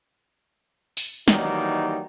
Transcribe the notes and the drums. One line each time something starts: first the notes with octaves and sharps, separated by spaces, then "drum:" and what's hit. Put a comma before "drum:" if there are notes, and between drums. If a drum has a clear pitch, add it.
drum: open hi-hat
D#3 E3 F#3 G3 A#3 D#4, drum: snare